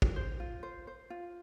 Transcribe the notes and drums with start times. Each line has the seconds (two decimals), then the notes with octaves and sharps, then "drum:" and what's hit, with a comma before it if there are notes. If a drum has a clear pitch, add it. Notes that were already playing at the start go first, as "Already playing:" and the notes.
0.02 drum: kick
0.16 C5
0.40 F4
0.63 C5
0.87 C5
1.10 F4